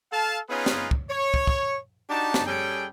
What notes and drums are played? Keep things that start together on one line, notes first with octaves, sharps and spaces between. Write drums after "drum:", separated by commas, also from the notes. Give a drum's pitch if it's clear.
A4 F5 A5
B3 C#4 D#4 F4 G#4 B4
drum: snare
drum: kick
C#5
drum: kick
drum: kick
D4 D#4 F#4 G4 A5
drum: snare
G3 C#4 G#4 A4 G5